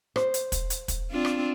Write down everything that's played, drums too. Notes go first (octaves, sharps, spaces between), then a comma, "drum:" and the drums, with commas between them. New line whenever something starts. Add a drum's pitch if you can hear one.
C5, drum: rim click
drum: hi-hat
drum: kick, hi-hat
drum: hi-hat
drum: kick, hi-hat
C4 D4 F4
drum: rim click